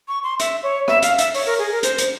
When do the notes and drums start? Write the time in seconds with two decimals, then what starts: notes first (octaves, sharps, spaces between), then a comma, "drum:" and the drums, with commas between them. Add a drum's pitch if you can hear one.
0.08 C#6
0.23 C6
0.40 E5, drum: hi-hat
0.63 C#5
0.88 E5, drum: rim click
1.02 F5, drum: hi-hat
1.18 E5, drum: hi-hat
1.34 C#5, drum: open hi-hat
1.46 A#4
1.59 G#4
1.71 A#4
1.83 C5, drum: hi-hat
1.98 drum: hi-hat